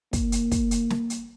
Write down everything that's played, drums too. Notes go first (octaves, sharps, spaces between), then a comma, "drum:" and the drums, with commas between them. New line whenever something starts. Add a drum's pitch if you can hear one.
A#3, drum: kick, hi-hat
drum: hi-hat
drum: kick, hi-hat
drum: hi-hat
drum: snare
drum: hi-hat